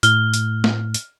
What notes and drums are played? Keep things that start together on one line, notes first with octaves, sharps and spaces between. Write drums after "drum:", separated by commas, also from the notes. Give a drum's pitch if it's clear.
A2 F6 G7, drum: hi-hat
drum: hi-hat
drum: snare
drum: hi-hat